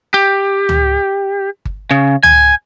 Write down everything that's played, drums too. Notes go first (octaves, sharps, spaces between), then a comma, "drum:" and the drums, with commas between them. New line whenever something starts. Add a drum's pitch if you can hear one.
G4
drum: tom C#2
drum: kick G1
C#3
G#5, drum: tom C#2